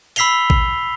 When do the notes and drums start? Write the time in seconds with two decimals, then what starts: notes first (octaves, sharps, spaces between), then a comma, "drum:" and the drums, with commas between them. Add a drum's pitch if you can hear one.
0.16 B5 E6 B6 C7 F7 G7, drum: open hi-hat
0.50 drum: kick A1